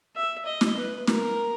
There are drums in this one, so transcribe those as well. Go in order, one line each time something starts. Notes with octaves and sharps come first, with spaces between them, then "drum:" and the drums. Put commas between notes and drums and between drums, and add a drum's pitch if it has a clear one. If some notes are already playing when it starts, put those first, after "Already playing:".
E5
D#5
drum: snare
B4
A#4, drum: snare